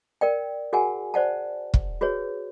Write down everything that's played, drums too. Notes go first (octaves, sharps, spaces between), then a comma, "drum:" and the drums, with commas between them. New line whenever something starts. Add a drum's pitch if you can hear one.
A#4 D5 G5
F#4 G#4 A#4 F#5 G#5
C5 D5 F#5 A5
drum: kick
F#4 G#4 B4 C#5